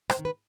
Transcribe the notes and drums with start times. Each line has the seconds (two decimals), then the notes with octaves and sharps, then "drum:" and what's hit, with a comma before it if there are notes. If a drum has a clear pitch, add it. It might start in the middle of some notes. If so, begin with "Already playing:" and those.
0.10 C5, drum: rim click
0.17 C3 D#3
0.25 B4